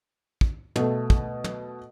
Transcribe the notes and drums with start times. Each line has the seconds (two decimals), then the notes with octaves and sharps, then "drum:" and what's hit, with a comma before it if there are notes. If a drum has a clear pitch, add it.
0.41 drum: kick
0.76 B2 A3, drum: tom
1.10 drum: kick
1.44 drum: tom